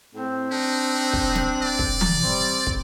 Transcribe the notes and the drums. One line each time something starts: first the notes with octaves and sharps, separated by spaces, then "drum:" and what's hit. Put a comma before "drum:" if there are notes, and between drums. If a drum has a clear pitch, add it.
A2 C4
D4 D#4
drum: kick
drum: snare
D5
drum: kick
drum: tom E3
G3 C4
drum: kick